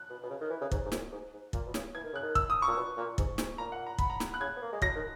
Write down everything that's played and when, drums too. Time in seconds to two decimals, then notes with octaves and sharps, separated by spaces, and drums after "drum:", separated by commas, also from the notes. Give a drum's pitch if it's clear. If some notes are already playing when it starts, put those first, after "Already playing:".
Already playing: F#6
0.10 B2
0.23 B2
0.30 C#3
0.41 D#3
0.50 E3
0.61 C#3
0.71 G#2, drum: kick
0.86 G#2
0.92 F#2, drum: snare
1.12 G#2
1.33 G#2
1.53 A#2, drum: kick
1.66 B2
1.74 C#3, drum: snare
1.94 E3 G#6
2.04 D#3
2.13 C#3 F#6
2.23 D#3
2.35 E6, drum: kick
2.50 D#6
2.62 C#6
2.68 A#2
2.77 B2
2.97 A#2
3.18 G#2, drum: kick
3.38 G#2, drum: snare
3.58 A#2 A#5
3.72 F#5
3.86 A#5
3.98 B5, drum: kick
4.10 A#5
4.20 drum: snare
4.34 F#6
4.41 C#3 G#6
4.56 B3
4.62 A#3
4.73 G#3
4.82 F#3 A#6, drum: kick
4.96 D#3